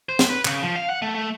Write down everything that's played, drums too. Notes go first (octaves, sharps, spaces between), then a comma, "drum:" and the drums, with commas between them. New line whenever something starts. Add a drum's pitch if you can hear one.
C5
drum: snare
B4
C#3, drum: clap
F3
F5
F#5
A3
A3